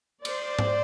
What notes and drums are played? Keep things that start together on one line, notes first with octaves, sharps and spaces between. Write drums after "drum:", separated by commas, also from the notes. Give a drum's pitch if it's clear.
C5 D5, drum: cymbal
drum: tom G#2